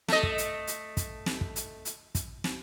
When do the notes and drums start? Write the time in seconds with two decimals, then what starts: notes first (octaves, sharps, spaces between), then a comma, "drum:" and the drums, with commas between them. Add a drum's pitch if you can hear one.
0.08 A3 D#5, drum: snare
0.23 drum: kick
0.38 drum: hi-hat
0.67 drum: hi-hat
0.97 drum: kick, hi-hat
1.26 drum: snare
1.41 drum: kick
1.56 drum: hi-hat
1.85 drum: hi-hat
2.15 drum: kick, hi-hat
2.44 drum: snare